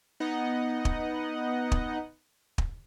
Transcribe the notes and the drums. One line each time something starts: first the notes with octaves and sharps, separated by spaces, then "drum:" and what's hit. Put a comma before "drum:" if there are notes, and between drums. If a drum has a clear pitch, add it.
B3 D#4 D#5 F#5
drum: kick
drum: kick
drum: kick